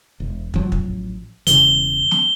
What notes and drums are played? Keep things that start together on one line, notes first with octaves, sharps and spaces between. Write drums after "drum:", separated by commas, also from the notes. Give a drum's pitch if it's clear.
E1
A1 F3 F#3, drum: kick
drum: kick
E1 C#3 E3 G7, drum: hi-hat
drum: snare